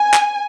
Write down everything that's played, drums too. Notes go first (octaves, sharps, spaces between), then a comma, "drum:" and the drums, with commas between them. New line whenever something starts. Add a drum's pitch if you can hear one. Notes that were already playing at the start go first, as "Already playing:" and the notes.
Already playing: G#5
drum: clap